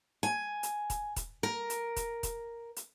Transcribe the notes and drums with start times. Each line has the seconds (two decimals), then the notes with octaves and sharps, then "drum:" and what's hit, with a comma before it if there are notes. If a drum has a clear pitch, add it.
0.23 G#5
0.63 drum: hi-hat
0.90 drum: kick E1, hi-hat
1.16 drum: kick E1, hi-hat
1.43 A#4
1.70 drum: hi-hat
1.96 drum: kick E1, hi-hat
2.23 drum: kick E1, hi-hat
2.76 drum: hi-hat